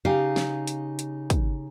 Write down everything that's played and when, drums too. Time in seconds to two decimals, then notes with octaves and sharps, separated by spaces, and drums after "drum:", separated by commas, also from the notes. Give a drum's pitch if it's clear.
0.05 C#3 D#4 G4 F5
0.36 drum: snare
0.67 drum: hi-hat
0.99 drum: hi-hat
1.30 drum: kick, hi-hat